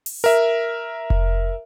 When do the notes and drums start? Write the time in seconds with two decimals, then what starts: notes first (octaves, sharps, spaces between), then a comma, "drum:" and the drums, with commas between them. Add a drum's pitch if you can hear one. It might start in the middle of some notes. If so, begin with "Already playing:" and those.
0.06 drum: open hi-hat
0.24 A#4 E5
1.10 drum: kick F1